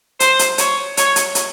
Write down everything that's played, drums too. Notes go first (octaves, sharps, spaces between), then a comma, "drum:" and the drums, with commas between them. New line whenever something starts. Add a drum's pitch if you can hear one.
C5, drum: hi-hat
drum: hi-hat
C#5, drum: hi-hat
C#5, drum: hi-hat
drum: hi-hat
drum: hi-hat